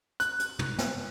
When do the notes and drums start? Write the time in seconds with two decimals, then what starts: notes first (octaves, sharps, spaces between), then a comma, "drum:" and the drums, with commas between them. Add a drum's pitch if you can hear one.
0.20 F#6, drum: hi-hat
0.39 drum: hi-hat
0.59 drum: tom
0.79 drum: snare